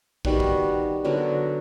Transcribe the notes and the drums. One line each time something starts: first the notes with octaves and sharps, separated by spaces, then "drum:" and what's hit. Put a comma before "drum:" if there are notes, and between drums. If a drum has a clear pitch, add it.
D#3 G3 B3 F#4, drum: kick
drum: kick
D3 F#3 B3 A#4